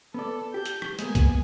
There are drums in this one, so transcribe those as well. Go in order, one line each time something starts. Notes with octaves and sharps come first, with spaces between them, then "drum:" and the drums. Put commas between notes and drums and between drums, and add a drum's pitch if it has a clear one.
B3 A4 D5
G4 G6
drum: hi-hat
drum: rim click
G#3 A#3 B3 G#5, drum: hi-hat
drum: kick, hi-hat